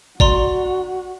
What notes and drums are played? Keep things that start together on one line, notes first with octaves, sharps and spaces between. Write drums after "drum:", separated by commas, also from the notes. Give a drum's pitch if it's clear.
F#4 D5 A#5 C6, drum: kick